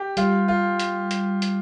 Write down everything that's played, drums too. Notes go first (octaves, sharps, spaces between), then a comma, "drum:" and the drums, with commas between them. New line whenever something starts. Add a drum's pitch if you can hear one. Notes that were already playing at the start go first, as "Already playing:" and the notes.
Already playing: G4
G3 F4, drum: hi-hat
F4
drum: hi-hat
drum: hi-hat
drum: hi-hat